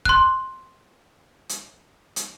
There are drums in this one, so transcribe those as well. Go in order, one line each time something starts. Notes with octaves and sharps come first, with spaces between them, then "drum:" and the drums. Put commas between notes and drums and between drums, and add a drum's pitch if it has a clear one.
C6 F#6, drum: kick
drum: hi-hat
drum: hi-hat